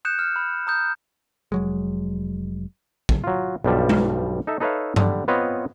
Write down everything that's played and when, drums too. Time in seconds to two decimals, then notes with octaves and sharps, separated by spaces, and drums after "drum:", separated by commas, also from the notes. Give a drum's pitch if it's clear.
0.05 D#6 F#6 G6 C#7 E7
0.19 F6
0.36 B5
0.67 A#5 D#6 G6
1.52 F1 F#3 G#3
3.09 drum: kick
3.24 F#3 F4
3.64 B1 G2 F3 G3 A5
3.89 drum: tom G#3
4.47 D#4 A4 E5
4.60 D#4 A4 B4 C#5 E5 F5
4.96 D3 G3, drum: tom G2
5.28 B3 C4 F4 B4 C#5 D#5